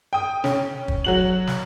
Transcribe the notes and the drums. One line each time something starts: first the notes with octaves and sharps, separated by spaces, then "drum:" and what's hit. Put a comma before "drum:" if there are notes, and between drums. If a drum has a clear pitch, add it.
G5 D#6
C#4, drum: snare
drum: kick
F#3 F#4 F#7
drum: snare